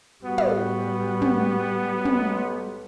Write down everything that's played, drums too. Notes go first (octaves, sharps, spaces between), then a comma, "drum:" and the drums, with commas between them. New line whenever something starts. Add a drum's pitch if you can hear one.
A2 G3 B3 F#4
drum: tom
drum: tom
B1
drum: tom